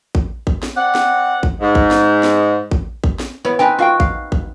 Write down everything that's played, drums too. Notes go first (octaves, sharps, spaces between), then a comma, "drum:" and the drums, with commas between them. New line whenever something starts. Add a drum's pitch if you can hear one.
drum: kick
drum: kick
drum: snare
C4 D5 F#5
drum: snare
drum: kick
G#2
drum: kick
drum: snare
drum: snare
drum: kick
drum: kick
drum: snare
B3 E4 C#5
C4 D#4 B4 G5 G#5
F4 F#4 F5 G5
F5, drum: kick
drum: kick